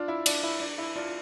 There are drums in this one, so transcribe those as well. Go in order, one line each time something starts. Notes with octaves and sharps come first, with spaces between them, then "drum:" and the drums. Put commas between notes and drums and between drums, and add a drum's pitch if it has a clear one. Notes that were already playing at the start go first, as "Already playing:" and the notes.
Already playing: D4 F4
E4
D4, drum: cymbal
E4
D4
E4
D4 F4